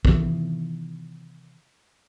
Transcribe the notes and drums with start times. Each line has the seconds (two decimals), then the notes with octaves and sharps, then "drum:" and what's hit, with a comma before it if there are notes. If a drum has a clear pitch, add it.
0.05 C3 D#3 E3 B3, drum: kick